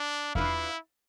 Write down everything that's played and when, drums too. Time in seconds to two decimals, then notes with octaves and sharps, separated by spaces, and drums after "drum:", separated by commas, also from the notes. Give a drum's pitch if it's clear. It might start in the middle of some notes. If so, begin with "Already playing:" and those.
Already playing: D4
0.35 D4 E4 F4 B4 F5, drum: kick E2